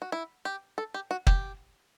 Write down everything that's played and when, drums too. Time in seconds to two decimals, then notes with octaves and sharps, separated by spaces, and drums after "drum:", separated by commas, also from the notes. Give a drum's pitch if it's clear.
0.02 F#4
0.12 E4
0.45 G4
0.78 A4
0.94 G4
1.11 F#4
1.27 G4, drum: kick